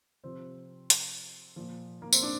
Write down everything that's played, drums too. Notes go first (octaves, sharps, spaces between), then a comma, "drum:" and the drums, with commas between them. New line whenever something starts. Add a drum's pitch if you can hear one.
C3 F3 C4
drum: hi-hat
A#2 F3
A#3
C4, drum: tambourine
D4